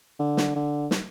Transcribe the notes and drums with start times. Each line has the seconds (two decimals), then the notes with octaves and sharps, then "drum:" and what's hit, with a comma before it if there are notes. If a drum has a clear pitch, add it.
0.20 D3
0.37 drum: snare
0.55 D3
0.91 drum: snare